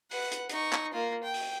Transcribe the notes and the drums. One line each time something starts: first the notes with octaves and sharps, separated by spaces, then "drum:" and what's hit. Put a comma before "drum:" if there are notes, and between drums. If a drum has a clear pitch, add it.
B4 F#5, drum: open hi-hat
drum: hi-hat
D#4 C#6, drum: hi-hat
drum: clap
A#3 F4
G5
drum: open hi-hat